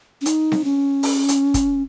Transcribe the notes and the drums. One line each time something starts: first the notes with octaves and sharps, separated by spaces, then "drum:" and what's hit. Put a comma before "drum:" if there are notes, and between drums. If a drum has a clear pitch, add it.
C#4
D#4, drum: hi-hat
drum: snare C4
C#4
drum: open hi-hat
drum: hi-hat
drum: kick, hi-hat